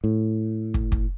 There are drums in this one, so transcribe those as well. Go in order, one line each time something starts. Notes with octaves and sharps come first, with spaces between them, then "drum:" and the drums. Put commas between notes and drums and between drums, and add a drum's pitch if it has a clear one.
A2
drum: kick
drum: kick